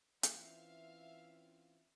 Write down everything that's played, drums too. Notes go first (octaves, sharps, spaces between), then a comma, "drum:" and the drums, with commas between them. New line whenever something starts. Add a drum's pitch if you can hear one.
E3 C4 C#4 F4 E5 F5 G6 C#7, drum: hi-hat